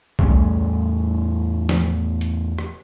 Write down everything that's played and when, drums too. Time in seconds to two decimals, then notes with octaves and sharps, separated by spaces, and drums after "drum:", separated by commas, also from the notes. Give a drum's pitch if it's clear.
0.19 E2 A2 G3 C#4, drum: kick C2
1.69 drum: snare
2.21 drum: hi-hat
2.59 drum: rim click